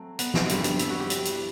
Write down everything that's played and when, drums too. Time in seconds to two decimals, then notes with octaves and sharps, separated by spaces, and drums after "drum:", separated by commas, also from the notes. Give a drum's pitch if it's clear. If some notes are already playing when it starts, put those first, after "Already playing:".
Already playing: F#3 A3 C4
0.19 B3, drum: hi-hat
0.34 C4, drum: snare
0.49 G2 D3 G3, drum: hi-hat
0.64 drum: hi-hat
0.79 E4, drum: hi-hat
0.90 F#4
1.00 G4
1.10 drum: hi-hat
1.25 drum: hi-hat